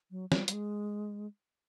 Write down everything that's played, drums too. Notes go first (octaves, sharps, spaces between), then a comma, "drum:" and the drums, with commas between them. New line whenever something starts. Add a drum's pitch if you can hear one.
F#3
G3, drum: snare
G3, drum: hi-hat
G#3